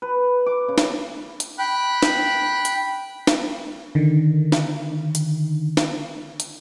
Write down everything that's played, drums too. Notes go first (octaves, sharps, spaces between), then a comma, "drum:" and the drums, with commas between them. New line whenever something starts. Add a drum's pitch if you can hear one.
B4
D6
C#3
drum: snare
drum: hi-hat
G5 B5 F#6
drum: snare
drum: hi-hat
drum: snare
D3 D#3
drum: snare
drum: hi-hat
drum: snare
drum: hi-hat